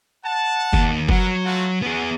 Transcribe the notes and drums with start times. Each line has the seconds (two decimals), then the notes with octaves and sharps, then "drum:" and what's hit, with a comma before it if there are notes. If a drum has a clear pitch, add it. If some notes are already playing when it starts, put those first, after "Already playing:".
0.25 F#5 A5
0.73 D#2, drum: kick F#1
1.09 F#3 A#4 B4 F#5, drum: kick F#1
1.44 A3 F4 F#4
1.82 B3 C#4 F#4 G#4